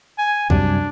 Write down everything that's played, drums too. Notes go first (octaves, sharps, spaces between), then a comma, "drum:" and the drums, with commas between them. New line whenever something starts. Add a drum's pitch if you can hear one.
G#5
F#2 C3 G3 D4, drum: kick